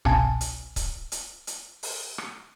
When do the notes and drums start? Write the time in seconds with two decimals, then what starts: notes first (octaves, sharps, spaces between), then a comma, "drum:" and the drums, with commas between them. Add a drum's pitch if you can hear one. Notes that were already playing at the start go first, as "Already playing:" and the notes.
0.05 G1 C2 B2 G#5 A5, drum: rim click
0.41 drum: hi-hat
0.76 drum: kick C#1, hi-hat
1.12 drum: hi-hat
1.47 drum: hi-hat
1.83 drum: open hi-hat
2.18 drum: rim click